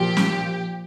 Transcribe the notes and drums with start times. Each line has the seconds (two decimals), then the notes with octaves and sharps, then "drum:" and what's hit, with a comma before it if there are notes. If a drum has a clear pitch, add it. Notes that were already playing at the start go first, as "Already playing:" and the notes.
Already playing: A#2 F3 G4
0.17 drum: snare